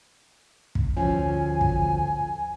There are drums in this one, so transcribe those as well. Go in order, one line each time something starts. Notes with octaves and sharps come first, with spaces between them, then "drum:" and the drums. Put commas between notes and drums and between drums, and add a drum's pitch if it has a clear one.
drum: kick
D2 F3 C#4 G#5
drum: kick